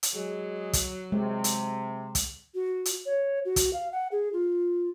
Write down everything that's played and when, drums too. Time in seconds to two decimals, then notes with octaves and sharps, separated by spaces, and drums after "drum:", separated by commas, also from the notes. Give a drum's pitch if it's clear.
0.03 drum: hi-hat
0.14 F#3 G#3 G#4
0.73 drum: kick, hi-hat
1.12 C3 G#3
1.44 drum: hi-hat
2.15 drum: kick, hi-hat
2.54 F#4
2.85 drum: hi-hat
3.05 C#5
3.44 F#4
3.56 drum: kick, hi-hat
3.73 F5
3.92 F#5
4.11 G#4
4.32 F4